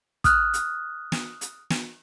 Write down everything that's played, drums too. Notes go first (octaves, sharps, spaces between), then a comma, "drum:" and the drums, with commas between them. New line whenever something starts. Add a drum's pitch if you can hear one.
D#6 F6 F#6, drum: kick, hi-hat
drum: hi-hat
drum: snare
drum: hi-hat
drum: snare